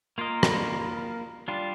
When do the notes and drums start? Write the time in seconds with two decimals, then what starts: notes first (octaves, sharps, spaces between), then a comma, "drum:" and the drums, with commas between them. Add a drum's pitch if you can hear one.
0.18 A#3 F4 A#4 D#5
0.43 drum: rim click
1.48 G3 D4 F4